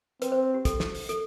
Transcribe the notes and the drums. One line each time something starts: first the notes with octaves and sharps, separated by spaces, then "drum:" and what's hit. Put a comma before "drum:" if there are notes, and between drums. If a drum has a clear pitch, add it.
C4 B4, drum: hi-hat
C5
G4
A4, drum: kick, hi-hat
drum: snare
drum: open hi-hat
A4, drum: hi-hat